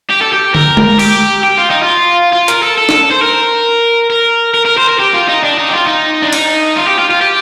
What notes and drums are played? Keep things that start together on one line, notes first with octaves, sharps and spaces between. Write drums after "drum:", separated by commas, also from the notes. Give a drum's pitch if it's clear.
G4
A4
G4
A#4, drum: tom
drum: tom G#3
G4, drum: cymbal
G4
F4
D#4
F4
F4
A#4, drum: hi-hat
A4
A4
drum: snare
C5
A#4
A#4
A#4
A#4
C5
A#4
G4
F4
D#4
D4
D#4
G4
F4
D#4
D4
D#4, drum: cymbal
F4
G4
F4
F4
G4